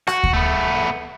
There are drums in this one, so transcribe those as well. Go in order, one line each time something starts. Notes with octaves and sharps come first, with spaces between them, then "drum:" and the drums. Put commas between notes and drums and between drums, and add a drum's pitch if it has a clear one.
F#4, drum: rim click
drum: kick D2
A3 B3